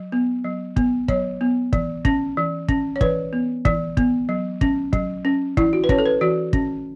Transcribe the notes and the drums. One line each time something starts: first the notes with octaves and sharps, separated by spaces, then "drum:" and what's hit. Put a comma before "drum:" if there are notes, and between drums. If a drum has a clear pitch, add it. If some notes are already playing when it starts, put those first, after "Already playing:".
Already playing: F#3
B3
F#3
B3, drum: kick
F#3 C#5, drum: kick
B3
E3, drum: kick
C#4, drum: kick
E3
C#4, drum: kick
C#5
E3 B4, drum: kick
B3
E3, drum: kick
B3, drum: kick
F#3
C#4, drum: kick
F#3, drum: kick
C#4
E3 E4, drum: kick
F#4
B4
C#4 C#5, drum: kick
A4
B4
E3 F#4
C#4, drum: kick